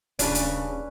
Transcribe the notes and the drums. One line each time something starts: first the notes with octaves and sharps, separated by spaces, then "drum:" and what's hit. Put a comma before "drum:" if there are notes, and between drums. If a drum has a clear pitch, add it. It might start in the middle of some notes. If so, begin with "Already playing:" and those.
D#1 C#3 C#4 D4 B4, drum: hi-hat
drum: hi-hat